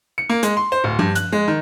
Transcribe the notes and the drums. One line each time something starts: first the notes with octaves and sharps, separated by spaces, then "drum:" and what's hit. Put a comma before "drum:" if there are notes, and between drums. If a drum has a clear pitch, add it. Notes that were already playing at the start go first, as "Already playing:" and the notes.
C#7
A#3
G#3, drum: hi-hat
C6
C5
D1
G2, drum: tom F3
F#6, drum: hi-hat
G#3
D#3